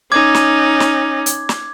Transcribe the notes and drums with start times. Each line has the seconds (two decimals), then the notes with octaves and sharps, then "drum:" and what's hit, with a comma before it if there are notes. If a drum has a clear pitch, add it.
0.12 C#4 D#4 D6 G#6
0.35 drum: snare
0.80 drum: snare
1.26 drum: hi-hat
1.49 drum: snare